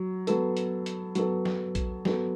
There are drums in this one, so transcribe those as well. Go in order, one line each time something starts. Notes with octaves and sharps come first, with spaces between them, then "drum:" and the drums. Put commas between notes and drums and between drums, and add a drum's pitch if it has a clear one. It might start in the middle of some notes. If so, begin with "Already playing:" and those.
Already playing: F#3
F#3 B3 A4, drum: hi-hat
drum: hi-hat
drum: hi-hat
F#3 B3 A4, drum: hi-hat
drum: snare F#3
drum: kick A#1, hi-hat
F#3 B3 A4, drum: snare F#3